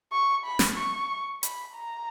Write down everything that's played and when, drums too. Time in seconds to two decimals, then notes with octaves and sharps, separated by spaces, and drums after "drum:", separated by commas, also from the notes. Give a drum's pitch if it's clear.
0.12 C#6
0.45 B5
0.59 drum: snare
0.77 C#6
1.43 B5, drum: hi-hat
1.75 A#5